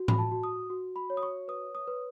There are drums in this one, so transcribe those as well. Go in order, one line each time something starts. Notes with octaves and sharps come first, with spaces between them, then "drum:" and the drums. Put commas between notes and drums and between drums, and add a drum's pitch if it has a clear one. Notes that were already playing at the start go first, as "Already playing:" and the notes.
Already playing: F#4
B5, drum: tom A2
A5
F#4
D#6
F#4
B5
C#5
D#6
C#6
B4 D#6
D#6
B4